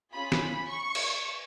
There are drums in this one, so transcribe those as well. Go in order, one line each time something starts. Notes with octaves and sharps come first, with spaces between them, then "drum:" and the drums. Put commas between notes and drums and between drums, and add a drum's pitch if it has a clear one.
C#4 F4 G#4 B5
drum: snare
C#6
drum: cymbal